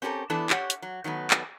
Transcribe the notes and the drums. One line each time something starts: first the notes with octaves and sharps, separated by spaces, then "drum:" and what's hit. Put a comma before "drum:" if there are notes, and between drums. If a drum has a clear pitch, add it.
C4 C#4 G4 A4 A#4
E3 B3 D4 E4 A4
G4 C#5 F#5, drum: clap
drum: hi-hat
F#3
D#3 F#3 A3 B3
drum: clap